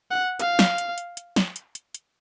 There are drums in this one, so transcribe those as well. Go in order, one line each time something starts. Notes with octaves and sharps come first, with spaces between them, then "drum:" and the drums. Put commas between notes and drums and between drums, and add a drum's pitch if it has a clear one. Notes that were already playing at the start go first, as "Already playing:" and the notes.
F#5
F5, drum: hi-hat
drum: snare
drum: hi-hat
drum: hi-hat
drum: hi-hat
drum: snare
drum: hi-hat
drum: hi-hat
drum: hi-hat